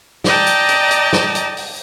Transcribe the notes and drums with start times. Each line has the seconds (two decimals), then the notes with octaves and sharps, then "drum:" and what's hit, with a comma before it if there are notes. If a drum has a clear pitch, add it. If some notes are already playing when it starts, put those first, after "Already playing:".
0.24 D5 D#5 G5 A5 A#5, drum: snare
0.46 drum: hi-hat
0.69 drum: hi-hat
0.91 drum: hi-hat
1.13 drum: snare
1.35 drum: hi-hat
1.57 drum: open hi-hat